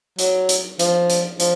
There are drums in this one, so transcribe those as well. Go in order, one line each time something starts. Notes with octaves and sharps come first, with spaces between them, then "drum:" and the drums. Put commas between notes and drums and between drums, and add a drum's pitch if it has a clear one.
F#3, drum: hi-hat
drum: hi-hat
F3, drum: hi-hat
drum: hi-hat
F3, drum: hi-hat